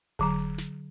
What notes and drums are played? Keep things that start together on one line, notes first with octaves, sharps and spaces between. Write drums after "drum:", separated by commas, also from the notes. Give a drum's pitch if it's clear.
D3 F#3 A#5, drum: kick E1, open hi-hat
drum: hi-hat
drum: snare